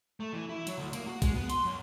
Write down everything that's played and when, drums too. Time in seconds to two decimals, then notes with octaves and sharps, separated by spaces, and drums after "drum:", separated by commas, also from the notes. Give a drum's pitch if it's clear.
0.20 A3
0.33 E3
0.49 E4
0.67 F#3, drum: hi-hat
0.78 D2
0.93 A#3, drum: hi-hat
1.07 F#4
1.22 G#3, drum: kick, hi-hat
1.35 B3
1.50 C6, drum: hi-hat
1.65 F#2